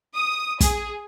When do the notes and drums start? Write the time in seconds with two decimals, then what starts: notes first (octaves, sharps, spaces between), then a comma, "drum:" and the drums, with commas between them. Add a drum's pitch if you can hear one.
0.16 D#6
0.60 G#4, drum: kick, hi-hat